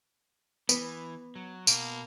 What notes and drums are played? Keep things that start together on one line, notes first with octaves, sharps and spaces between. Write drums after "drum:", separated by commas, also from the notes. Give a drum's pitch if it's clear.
E3 B3, drum: tambourine
F#3
B2 A#3, drum: tambourine